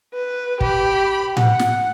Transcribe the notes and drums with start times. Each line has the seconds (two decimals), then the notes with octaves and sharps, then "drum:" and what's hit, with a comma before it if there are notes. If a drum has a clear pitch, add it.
0.14 B4
0.61 G4 B5, drum: kick
1.37 F#5, drum: tom A2
1.59 drum: snare